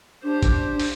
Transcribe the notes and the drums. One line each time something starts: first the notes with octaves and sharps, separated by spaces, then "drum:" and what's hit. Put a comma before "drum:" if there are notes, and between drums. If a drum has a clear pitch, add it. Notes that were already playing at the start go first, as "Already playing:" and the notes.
D4 G4 C5
drum: kick, hi-hat
drum: open hi-hat